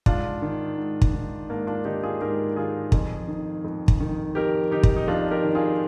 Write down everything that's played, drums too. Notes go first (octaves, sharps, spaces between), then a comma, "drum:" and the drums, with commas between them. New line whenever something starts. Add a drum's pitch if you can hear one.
G#2 D4 F4, drum: kick
D#3
G#2
drum: kick
D#3
G#2 A#3 D4
D4 F4
D#3 D#4 G4
F4 G#4
G#2 G4 A#4
D#3 F4 G#4
F2, drum: kick
D#3
F2
drum: kick
D#3
F2 G4 A#4
D#3 D#4 G4
drum: kick
D#4
F2 D4 F4
G4 A#4
D#3
F4 G#4